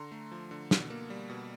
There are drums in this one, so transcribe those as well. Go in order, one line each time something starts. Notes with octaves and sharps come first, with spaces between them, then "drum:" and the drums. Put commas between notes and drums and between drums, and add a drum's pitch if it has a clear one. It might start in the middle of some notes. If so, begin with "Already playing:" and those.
Already playing: D3 A#5 C6
A3
F3
D3
B2, drum: snare
A#3
G3
B2